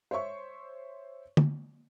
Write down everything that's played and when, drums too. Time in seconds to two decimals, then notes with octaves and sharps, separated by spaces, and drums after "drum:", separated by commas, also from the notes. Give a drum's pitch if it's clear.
0.11 C5 C#5 E5 C#6
1.37 drum: tom